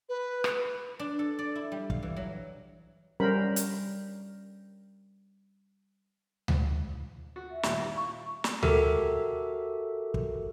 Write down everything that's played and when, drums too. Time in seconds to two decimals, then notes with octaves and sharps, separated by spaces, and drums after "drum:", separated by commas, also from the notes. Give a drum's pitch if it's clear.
0.09 B4
0.44 drum: rim click
0.99 D4
1.19 A4
1.39 D5
1.55 E4
1.72 G3
1.90 F5, drum: kick
2.03 E3
2.16 F#3
3.20 G3 C#4 A#4 C5 B5
3.56 drum: hi-hat
6.48 drum: tom D2
7.36 F#4
7.51 E5
7.63 D#2 A#2 G3, drum: snare
7.80 E4
7.97 F4 C#6
8.44 drum: snare
8.63 F#4 G4 A4 A#4 E5, drum: tom D2
10.14 drum: kick